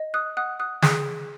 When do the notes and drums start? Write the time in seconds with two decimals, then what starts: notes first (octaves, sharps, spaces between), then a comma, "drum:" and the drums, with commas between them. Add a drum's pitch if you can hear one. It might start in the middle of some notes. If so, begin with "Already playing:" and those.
Already playing: D#5
0.14 D#6 F#6
0.37 F#5 D#6 F#6
0.60 D#6 F#6
0.82 G#4 D#6 F#6, drum: snare